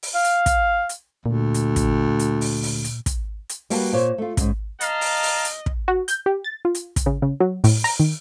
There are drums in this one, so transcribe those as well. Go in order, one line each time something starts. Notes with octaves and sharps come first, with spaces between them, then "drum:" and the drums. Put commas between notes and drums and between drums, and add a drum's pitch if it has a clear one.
drum: open hi-hat
F5
drum: hi-hat
drum: kick, hi-hat
drum: hi-hat
D2 A#2
drum: hi-hat
drum: kick, hi-hat
drum: hi-hat
drum: open hi-hat
drum: open hi-hat
drum: hi-hat
drum: kick, hi-hat
drum: hi-hat
G3 A#3 F#4 B4 A5, drum: open hi-hat
A#2 C5 C#5
A3 F4
G#2 C#3, drum: kick, hi-hat
D#5 F5 A5 A#5, drum: hi-hat
drum: open hi-hat
drum: open hi-hat
drum: hi-hat
drum: kick
F#4
G6, drum: hi-hat
G4
A6
F4
drum: hi-hat
drum: kick, hi-hat
C#3
C#3
F#3
A2, drum: open hi-hat
A#5, drum: open hi-hat
D#3